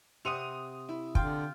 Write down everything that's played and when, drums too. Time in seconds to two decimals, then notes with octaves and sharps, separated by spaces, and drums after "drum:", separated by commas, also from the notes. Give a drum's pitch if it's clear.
0.25 C3 C4 F#5 D#6 D#7 F7
0.89 E4
1.15 D3 F4 G5, drum: kick